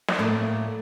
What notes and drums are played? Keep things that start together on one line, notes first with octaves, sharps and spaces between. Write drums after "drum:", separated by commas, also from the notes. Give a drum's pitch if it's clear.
drum: snare
A2 A3 A#3 A#4 D5